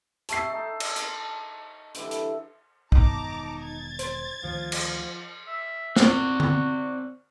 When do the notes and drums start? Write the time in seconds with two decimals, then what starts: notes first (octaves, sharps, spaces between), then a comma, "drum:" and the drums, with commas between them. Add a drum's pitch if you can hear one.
0.29 C#5 E5 G5 A5 C7, drum: hi-hat
0.49 D#4 A4
0.80 drum: cymbal
0.96 drum: hi-hat
1.95 D3 E3 G3, drum: hi-hat
2.11 drum: hi-hat
2.92 E1 D#3 B3 D#4 A5 A#5 D6, drum: kick
3.63 G#6 A6
3.99 C5, drum: hi-hat
4.43 D2 D#3 F3 A3
4.72 drum: cymbal
5.47 E5
5.96 C4 F#4 D5, drum: snare
6.40 drum: tom D3